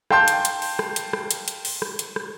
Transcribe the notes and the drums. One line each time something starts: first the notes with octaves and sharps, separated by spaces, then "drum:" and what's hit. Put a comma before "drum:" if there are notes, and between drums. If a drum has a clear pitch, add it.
F5 G5 A5 C6 G6, drum: rim click
drum: hi-hat
drum: hi-hat
drum: open hi-hat
drum: rim click
drum: hi-hat
drum: rim click
drum: hi-hat
drum: hi-hat
drum: open hi-hat
drum: rim click
drum: hi-hat
drum: rim click